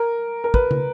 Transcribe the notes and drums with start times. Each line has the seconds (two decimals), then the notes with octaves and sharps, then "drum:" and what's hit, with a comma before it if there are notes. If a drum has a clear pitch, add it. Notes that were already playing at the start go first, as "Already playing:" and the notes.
Already playing: A#4
0.44 A#4
0.54 B4, drum: kick
0.71 drum: tom